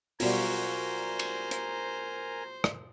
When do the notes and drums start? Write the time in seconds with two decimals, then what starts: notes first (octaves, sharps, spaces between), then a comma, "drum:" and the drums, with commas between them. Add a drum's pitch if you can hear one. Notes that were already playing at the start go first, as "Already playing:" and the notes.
0.20 B2 G3 F4 F#4 A#4 C5 G#5 A#5, drum: open hi-hat
1.19 drum: cymbal
1.51 drum: hi-hat
2.64 drum: rim click